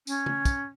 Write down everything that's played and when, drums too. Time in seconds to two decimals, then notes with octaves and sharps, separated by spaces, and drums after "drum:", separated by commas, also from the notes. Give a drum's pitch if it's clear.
0.07 C#4, drum: tambourine
0.26 drum: tom C#3
0.45 drum: kick, tambourine